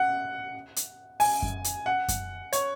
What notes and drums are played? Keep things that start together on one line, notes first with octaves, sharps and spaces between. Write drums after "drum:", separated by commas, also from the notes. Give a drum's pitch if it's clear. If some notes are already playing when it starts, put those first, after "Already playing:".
Already playing: F#5
drum: hi-hat
G#5, drum: open hi-hat
drum: kick F#2
drum: hi-hat
F#5
drum: kick F#2, hi-hat
C#5, drum: hi-hat